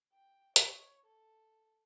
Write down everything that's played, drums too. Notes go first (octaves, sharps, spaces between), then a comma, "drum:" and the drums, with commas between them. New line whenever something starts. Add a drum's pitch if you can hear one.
G5
C#5, drum: hi-hat
A4